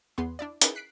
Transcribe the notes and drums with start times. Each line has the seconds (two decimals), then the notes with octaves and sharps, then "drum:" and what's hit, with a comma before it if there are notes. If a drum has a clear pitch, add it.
0.18 E2 B3 G#4 B4 C6
0.39 D4 E4 D5
0.62 C#4 D#4 E4 G#4 A#4 B4, drum: hi-hat
0.75 F#6 B6 C7 D7